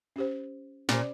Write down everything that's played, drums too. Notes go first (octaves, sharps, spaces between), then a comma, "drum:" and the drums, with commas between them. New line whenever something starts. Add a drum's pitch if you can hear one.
C#4 G4 C5
A#2 C#4 G4 C5, drum: snare